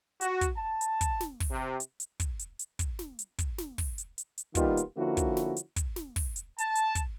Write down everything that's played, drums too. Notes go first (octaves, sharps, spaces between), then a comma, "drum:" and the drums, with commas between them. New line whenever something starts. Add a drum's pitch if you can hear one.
F#4, drum: hi-hat
drum: kick, hi-hat
A5
drum: hi-hat
drum: kick, hi-hat
drum: snare
drum: kick, open hi-hat
C3
drum: hi-hat
drum: hi-hat
drum: kick, hi-hat
drum: hi-hat
drum: hi-hat
drum: kick, hi-hat
drum: snare
drum: hi-hat
drum: kick, hi-hat
drum: snare
drum: kick, open hi-hat
drum: hi-hat
drum: hi-hat
drum: hi-hat
D#3 G3 A#3 B3 D#4 F4, drum: kick, hi-hat
drum: hi-hat
D3 F3 A#3 C#4 E4 F#4
drum: kick, hi-hat
drum: snare
drum: hi-hat
drum: kick, hi-hat
drum: snare
drum: kick, open hi-hat
drum: hi-hat
A5, drum: hi-hat
drum: hi-hat
drum: kick, hi-hat